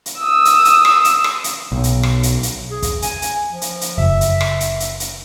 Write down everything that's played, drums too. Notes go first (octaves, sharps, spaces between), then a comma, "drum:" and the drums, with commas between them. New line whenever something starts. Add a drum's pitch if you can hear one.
drum: hi-hat
D#6 E6
drum: hi-hat
drum: hi-hat
drum: rim click
drum: hi-hat
drum: rim click
drum: hi-hat
B1
drum: hi-hat
drum: rim click
drum: hi-hat
drum: hi-hat
G#4
drum: kick, hi-hat
G#5, drum: hi-hat
drum: hi-hat
F3
drum: hi-hat
drum: hi-hat
F#1 E5
drum: hi-hat
drum: rim click
drum: hi-hat
drum: hi-hat
drum: hi-hat